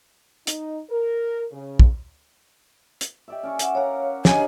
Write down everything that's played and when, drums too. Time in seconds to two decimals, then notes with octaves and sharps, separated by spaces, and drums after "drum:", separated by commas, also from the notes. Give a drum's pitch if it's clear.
0.47 D#4, drum: hi-hat
0.90 A#4
1.52 C#3
1.79 drum: kick
3.01 drum: hi-hat
3.28 G4 D5 E5
3.43 C#4 D5 C#6
3.59 E5 F#5, drum: hi-hat
3.75 A#4 C#5 F5 F#5 A#5
4.25 D4 D#4 G4 G#4 C#5 F5 G#5, drum: snare